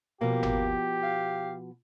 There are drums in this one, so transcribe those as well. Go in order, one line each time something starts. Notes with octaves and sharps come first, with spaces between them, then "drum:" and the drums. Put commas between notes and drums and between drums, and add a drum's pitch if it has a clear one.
B2 F3 A#3 G4
drum: tom G1
F5